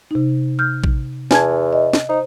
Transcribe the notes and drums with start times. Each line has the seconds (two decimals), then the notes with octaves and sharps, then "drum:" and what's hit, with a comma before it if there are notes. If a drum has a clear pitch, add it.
0.11 C3 D#4
0.59 F6 G6
0.84 drum: kick
1.31 E2 G#5 A5 G#6, drum: snare
1.73 D#5
1.93 drum: snare
2.09 D#4 C5